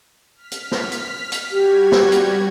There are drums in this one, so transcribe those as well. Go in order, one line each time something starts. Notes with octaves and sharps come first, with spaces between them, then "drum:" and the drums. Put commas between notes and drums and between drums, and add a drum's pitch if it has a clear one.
F6 B6
drum: hi-hat
drum: snare
drum: hi-hat
drum: hi-hat
G3 F#4 G4 G#6
drum: snare
drum: hi-hat